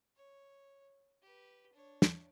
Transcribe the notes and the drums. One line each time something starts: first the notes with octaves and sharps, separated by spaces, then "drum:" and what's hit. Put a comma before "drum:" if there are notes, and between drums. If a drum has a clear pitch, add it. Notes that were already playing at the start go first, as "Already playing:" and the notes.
C#5
G4 B4
D4 C#5
drum: snare